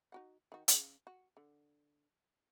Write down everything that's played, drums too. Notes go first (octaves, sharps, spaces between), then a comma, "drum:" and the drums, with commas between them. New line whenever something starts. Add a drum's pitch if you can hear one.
D#4 F#4 F#5
D#3 F#4
C#3 F#5, drum: hi-hat
F#4
D3